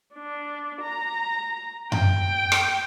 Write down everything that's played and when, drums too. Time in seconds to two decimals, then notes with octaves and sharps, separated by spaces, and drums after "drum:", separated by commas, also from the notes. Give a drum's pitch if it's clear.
0.15 D4
0.82 A#5
1.92 G5, drum: tom F#2
2.52 drum: rim click